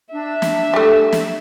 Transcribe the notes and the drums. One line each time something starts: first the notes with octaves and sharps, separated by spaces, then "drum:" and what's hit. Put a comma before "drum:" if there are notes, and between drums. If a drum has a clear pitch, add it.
D4 E5
drum: snare
G3 A3
drum: snare